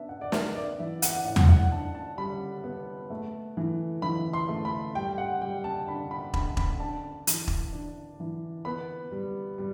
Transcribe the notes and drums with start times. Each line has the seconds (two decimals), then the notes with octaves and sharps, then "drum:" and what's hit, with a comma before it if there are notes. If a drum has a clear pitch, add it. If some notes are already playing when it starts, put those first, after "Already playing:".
Already playing: B3 D4 E5
0.09 F#5
0.21 D5
0.32 B3 E5, drum: snare
0.56 D5
0.79 E3 E5
1.02 F#5, drum: hi-hat
1.25 A2 F#5
1.36 drum: tom E2
1.49 F#5
1.72 D4 A5
1.95 A5
2.17 G3 B5
2.64 B3
3.10 A3
3.57 E3
4.02 E3 B5
4.33 C6
4.49 A3
4.65 B5
4.95 G3 G5
5.18 F#5
5.42 G3 G5
5.64 A5
5.87 D4 B5
6.11 B5
6.34 D3 B5, drum: kick E1
6.57 B5, drum: kick E1
6.80 D4 A5
7.27 E3, drum: hi-hat
7.48 drum: kick E1
7.73 D4
8.20 E3
8.65 B3 B5
9.11 G3
9.58 G3